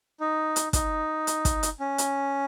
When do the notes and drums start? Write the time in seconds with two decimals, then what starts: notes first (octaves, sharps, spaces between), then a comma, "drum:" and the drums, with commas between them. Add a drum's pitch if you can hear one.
0.20 D#4
0.56 drum: hi-hat
0.73 D#4, drum: kick, hi-hat
1.27 drum: hi-hat
1.45 drum: kick, hi-hat
1.63 drum: hi-hat
1.80 C#4
1.98 drum: hi-hat